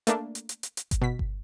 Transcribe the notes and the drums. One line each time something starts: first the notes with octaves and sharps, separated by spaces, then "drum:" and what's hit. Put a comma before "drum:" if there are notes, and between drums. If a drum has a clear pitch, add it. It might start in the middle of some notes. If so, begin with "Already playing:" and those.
A3 A#3 D4, drum: hi-hat
drum: hi-hat
drum: hi-hat
drum: hi-hat
drum: hi-hat
drum: kick G1, hi-hat
B2 B6
drum: kick G1